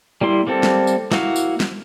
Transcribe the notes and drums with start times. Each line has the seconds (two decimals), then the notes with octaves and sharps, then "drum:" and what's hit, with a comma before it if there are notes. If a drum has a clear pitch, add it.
0.21 G3 A#3 E4 C6
0.47 G3 A#3 C4 A4
0.63 drum: snare
0.87 drum: tambourine
1.12 A#3 E4 F#4 F5, drum: snare
1.36 drum: tambourine
1.60 drum: snare